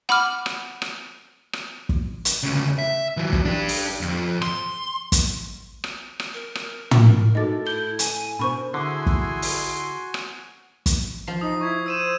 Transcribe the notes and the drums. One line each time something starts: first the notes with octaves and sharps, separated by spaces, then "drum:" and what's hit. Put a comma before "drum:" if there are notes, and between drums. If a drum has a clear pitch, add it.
F#5 B5 D6 F6, drum: rim click
drum: rim click
drum: rim click
drum: rim click
drum: kick
drum: hi-hat
D2 C#3
E5
E3 F#3
drum: kick
D4 G4
drum: open hi-hat
F2 F3
C6, drum: rim click
drum: kick, hi-hat
drum: rim click
drum: rim click
A#4
drum: rim click
drum: tom
A2 D#4 F#4 A4 D#5 A6
E4 G6 G7
G#5, drum: hi-hat
B2 D4 A#4 C5 B5 C#6
D3 E4 F#4 G#4 G#5 C6
drum: kick
drum: open hi-hat
drum: rim click
drum: kick, hi-hat
F3 C7
D#4 D#6
E4 C#6 G#6
C5 E6 D#7 E7